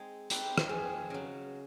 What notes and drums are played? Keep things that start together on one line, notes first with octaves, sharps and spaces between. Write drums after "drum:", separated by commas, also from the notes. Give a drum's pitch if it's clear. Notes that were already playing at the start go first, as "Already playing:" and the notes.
Already playing: G#3 C4 D#4
C4 D#4 G4 B4, drum: hi-hat
drum: rim click
F2 G#4
C#3 F#3